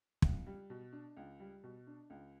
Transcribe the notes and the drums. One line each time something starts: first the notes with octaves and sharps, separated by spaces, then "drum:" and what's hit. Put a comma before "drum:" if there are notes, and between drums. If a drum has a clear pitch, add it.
C#2, drum: kick
G3
B2
D4
C#2
G3
B2
D4
C#2